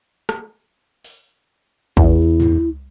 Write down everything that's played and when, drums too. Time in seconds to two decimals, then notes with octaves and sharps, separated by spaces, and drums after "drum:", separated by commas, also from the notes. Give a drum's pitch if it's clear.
0.29 drum: rim click
1.04 drum: open hi-hat
1.97 E2 E4, drum: kick
2.40 drum: tom